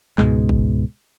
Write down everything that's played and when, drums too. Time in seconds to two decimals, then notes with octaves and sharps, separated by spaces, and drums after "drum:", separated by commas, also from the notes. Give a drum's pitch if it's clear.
0.18 C#2 G#2 B2 G#3, drum: clap
0.49 drum: kick